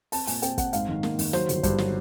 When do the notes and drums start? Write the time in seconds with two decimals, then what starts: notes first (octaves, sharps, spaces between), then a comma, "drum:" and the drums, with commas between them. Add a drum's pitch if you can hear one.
0.12 C4 A5, drum: open hi-hat
0.27 A#2 G#5, drum: open hi-hat
0.42 C4 G5, drum: hi-hat
0.58 C4 F#5, drum: kick, hi-hat
0.73 G#2 F5, drum: hi-hat
0.89 D#3
1.03 A#3, drum: snare
1.19 D#3, drum: open hi-hat
1.33 F#3 C5, drum: snare
1.49 G1, drum: hi-hat
1.63 G2 C5, drum: kick, hi-hat
1.78 F#3, drum: snare